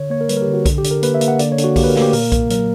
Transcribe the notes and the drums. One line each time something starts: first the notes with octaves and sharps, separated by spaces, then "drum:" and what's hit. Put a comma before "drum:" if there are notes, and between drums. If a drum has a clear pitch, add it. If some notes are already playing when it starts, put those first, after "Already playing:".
Already playing: D3 C#5
A#3 C#5
A#4
G3 B4, drum: hi-hat
A#4
G4
D3
F#4
D3, drum: kick B1, hi-hat
G4
D3, drum: hi-hat
A#4
A#3 B4, drum: hi-hat
E5
A#3, drum: hi-hat
F#5
D3 D5, drum: hi-hat
C#5
D3, drum: hi-hat
F#4
A#3 G4, drum: kick B1, open hi-hat
B4
A#4
A#3, drum: snare
G4
A#2 A#4, drum: open hi-hat
A#3, drum: kick B1, hi-hat
F#3 A#4, drum: hi-hat